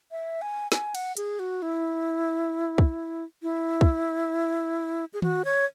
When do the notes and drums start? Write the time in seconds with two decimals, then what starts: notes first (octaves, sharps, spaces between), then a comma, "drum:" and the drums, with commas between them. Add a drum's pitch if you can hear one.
0.11 E5
0.42 G#5
0.72 G#5, drum: snare
0.95 F#5, drum: cymbal
1.17 G#4, drum: hi-hat
1.39 F#4
1.62 E4
2.78 drum: kick
3.42 E4
3.81 drum: kick
5.13 G#4
5.22 F#4, drum: tom D#3
5.45 C#5